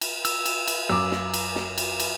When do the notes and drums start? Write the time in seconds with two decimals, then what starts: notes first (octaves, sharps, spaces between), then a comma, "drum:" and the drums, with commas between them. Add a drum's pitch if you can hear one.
0.01 drum: cymbal
0.25 E6, drum: cymbal
0.45 drum: cymbal
0.67 drum: cymbal
0.89 F#2 D6 E6
1.12 drum: snare
1.34 drum: cymbal
1.56 drum: snare
1.78 drum: cymbal
2.00 drum: cymbal